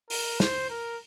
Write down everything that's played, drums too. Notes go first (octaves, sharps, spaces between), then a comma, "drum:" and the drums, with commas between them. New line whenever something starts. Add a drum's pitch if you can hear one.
A#4, drum: open hi-hat
C5, drum: snare
A#4